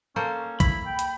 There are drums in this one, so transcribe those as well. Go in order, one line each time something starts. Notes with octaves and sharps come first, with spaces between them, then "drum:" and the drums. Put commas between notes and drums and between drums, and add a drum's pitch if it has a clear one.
A#3 C#4 A4 C5
E4 B5, drum: kick, hi-hat
G5
drum: hi-hat